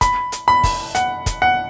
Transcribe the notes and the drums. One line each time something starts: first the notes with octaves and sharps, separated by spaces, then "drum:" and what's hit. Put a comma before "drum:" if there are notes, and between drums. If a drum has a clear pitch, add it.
B5, drum: kick, hi-hat
drum: hi-hat
B5
drum: kick, open hi-hat
F#5, drum: hi-hat
drum: kick, hi-hat
F#5